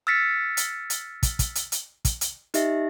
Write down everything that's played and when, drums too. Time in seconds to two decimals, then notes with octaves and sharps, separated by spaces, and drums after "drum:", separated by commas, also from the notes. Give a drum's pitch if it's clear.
0.07 E6 F6 A6 B6 C#7
0.57 drum: hi-hat
0.90 drum: hi-hat
1.23 drum: kick, hi-hat
1.39 drum: kick, hi-hat
1.55 drum: hi-hat
1.72 drum: hi-hat
2.05 drum: kick, hi-hat
2.21 drum: hi-hat
2.54 D#4 G4 D#5 E5, drum: hi-hat